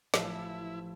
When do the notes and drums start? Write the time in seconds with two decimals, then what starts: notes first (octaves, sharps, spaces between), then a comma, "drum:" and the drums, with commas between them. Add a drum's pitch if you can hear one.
0.14 A1 F3 A3 E4, drum: snare